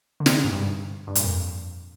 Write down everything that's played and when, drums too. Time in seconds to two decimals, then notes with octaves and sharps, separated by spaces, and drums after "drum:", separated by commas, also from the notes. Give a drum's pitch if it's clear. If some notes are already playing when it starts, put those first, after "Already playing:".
0.20 D3
0.26 C3, drum: snare
0.44 G#2
0.53 G2
1.07 G2
1.15 A#2, drum: hi-hat
1.24 F2